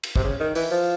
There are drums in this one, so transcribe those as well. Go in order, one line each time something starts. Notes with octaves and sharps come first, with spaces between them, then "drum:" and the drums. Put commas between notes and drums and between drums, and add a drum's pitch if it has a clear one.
drum: cymbal
C3, drum: kick
C#3
D#3
E3, drum: open hi-hat
F3